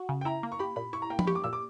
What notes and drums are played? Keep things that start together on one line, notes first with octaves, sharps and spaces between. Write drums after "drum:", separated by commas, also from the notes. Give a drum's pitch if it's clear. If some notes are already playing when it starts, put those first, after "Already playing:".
Already playing: F#4
C#3
G5
E4 A#5
A#3
C#6
G4 B5
A#2 B5
E4 C#6
A#5
A#3 G5
B5, drum: tom F3
G4 C#6
D6
A#2 E6
D6